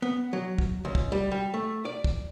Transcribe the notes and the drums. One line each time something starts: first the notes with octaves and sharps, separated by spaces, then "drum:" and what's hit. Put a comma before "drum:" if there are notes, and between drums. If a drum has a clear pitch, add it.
B3
F#3
drum: kick
C#2
drum: kick
G3
G3
A3
D5
drum: kick